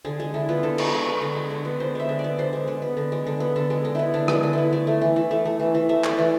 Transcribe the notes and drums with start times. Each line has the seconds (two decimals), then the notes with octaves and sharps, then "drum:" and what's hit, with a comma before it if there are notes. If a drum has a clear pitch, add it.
0.05 D3 G#4
0.20 G#3 G#4
0.34 D3 E4
0.49 B3 F4
0.63 D3 A4
0.78 G#3, drum: cymbal
0.93 D3
1.07 B3
1.22 D3
1.36 G#3
1.50 D3
1.65 B3
1.80 D3 C5
1.95 G#3 E5
2.09 D3
2.19 D5
2.24 B3
2.39 D3 C5
2.53 G#3
2.68 D3
2.82 B3
2.97 D3
3.12 G#3
3.27 D3
3.40 B3
3.56 D3 A4
3.70 G#3
3.85 D3
3.95 B3 E4
4.14 D3 D4
4.28 G#3 D4, drum: rim click
4.43 D3
4.53 B3 E4
4.73 A3 D5
4.87 A3
5.01 E3
5.16 E3
5.31 A3
5.45 A3
5.60 E3
5.75 E3
5.89 A3 E5
6.04 A3 D5, drum: clap
6.18 E3